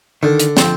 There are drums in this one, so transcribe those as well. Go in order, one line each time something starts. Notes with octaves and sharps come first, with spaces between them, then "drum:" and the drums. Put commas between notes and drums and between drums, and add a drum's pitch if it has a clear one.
D3 D#3
drum: hi-hat
F3 C4, drum: snare